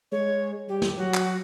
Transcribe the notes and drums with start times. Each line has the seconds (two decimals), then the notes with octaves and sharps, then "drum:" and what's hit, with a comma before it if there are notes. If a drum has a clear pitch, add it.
0.12 G#3 C#5
0.68 G3 G4
0.82 drum: snare
0.96 F#3 F#4
1.14 drum: clap